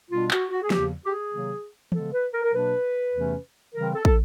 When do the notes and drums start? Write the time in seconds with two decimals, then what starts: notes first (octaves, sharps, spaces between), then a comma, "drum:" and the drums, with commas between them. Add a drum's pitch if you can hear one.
0.10 B2 G3 B3 D4 F4
0.31 F#4, drum: clap
0.50 F#4
0.63 G#4
0.70 E2 C#3 F3 A#3 G4, drum: snare
1.05 G4
1.11 G#4
1.31 C3 D#3 F#3 A#3
1.92 C#3 F3 G#3 B3 A4, drum: tom
2.12 B4
2.33 A#4
2.43 A#4
2.53 B2 F#3 A#3 D4 B4
3.13 E2 C3 E3 A3 C#4
3.74 C#3 E3 G3 C4 A#4
3.95 A4
4.05 A4, drum: kick